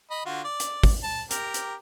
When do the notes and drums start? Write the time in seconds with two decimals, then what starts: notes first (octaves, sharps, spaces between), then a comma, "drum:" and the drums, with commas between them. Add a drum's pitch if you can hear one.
0.11 D#5 B5
0.26 D3 F4 F#4
0.44 D5
0.60 drum: hi-hat
0.83 drum: kick, open hi-hat
1.04 A5
1.31 G4 A#4, drum: hi-hat
1.54 drum: hi-hat